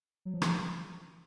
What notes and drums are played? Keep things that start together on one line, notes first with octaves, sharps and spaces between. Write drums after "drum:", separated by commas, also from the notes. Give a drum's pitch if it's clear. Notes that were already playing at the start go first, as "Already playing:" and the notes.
F#3
F3
E3, drum: rim click
F3